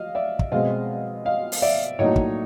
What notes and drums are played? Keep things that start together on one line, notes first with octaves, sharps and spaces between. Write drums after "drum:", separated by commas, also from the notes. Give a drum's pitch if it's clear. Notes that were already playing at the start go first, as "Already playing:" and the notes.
Already playing: D#5 F5
D5 E5
drum: kick
B2 G#3 C4 D#5 F5
D#5 F5
drum: open hi-hat
D5 E5
A2 F#3 A#3 D#4 C#5 D#5
drum: kick